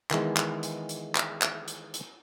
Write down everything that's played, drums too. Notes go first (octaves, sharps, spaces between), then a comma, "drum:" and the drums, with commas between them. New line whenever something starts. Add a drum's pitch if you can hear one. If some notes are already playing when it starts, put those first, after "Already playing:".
D#3 E3 G#3 B3, drum: clap
drum: clap
drum: hi-hat
drum: hi-hat
drum: clap
drum: clap
drum: hi-hat
drum: hi-hat